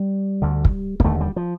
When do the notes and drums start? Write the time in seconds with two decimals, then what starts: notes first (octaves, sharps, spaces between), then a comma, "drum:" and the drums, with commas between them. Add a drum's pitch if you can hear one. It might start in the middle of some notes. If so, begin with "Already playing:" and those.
Already playing: G3
0.42 D2 D3
0.65 drum: kick
1.00 A#3, drum: kick
1.04 D#2 D3 A3
1.21 G3
1.36 F3